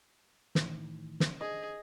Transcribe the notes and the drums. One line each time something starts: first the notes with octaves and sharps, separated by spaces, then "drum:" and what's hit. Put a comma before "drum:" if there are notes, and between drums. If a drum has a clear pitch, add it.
A2 D#3 E3, drum: snare
drum: snare
D4 G#4 C5 D5 D#5